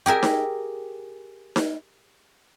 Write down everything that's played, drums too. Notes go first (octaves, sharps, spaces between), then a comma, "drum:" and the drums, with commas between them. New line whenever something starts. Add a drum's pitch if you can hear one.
G4 G#4 A#4 E5
drum: snare D#4
drum: snare D#4